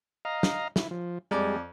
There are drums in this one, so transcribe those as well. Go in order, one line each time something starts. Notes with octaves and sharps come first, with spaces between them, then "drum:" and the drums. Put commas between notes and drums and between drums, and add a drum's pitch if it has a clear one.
D#5 F5 A#5
drum: snare
E4, drum: snare
F3
F2 G3 G#3 D5